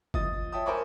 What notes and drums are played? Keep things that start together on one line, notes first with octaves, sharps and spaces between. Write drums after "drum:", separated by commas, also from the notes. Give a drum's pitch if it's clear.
F3 D#5 D#6 A6, drum: kick F#1
C#5 E5 G5 A5 D#6
A#4 C5 G#5 B5 C#6 D6